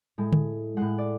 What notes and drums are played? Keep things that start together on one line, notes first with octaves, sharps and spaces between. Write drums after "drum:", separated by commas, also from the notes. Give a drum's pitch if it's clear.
A2 G#3
drum: tom D3
A2 G#3 F#5
D5